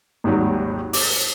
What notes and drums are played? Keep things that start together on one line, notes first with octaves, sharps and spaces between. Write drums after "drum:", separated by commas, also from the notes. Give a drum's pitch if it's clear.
G#1 D#2 D#3 F#3 G3
D6, drum: open hi-hat